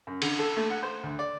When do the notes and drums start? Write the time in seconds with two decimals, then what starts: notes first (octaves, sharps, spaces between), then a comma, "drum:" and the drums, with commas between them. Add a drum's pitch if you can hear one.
0.07 F#2
0.22 D3, drum: cymbal
0.39 A4
0.57 A3
0.70 F#5
0.83 C5
1.03 D2
1.19 D5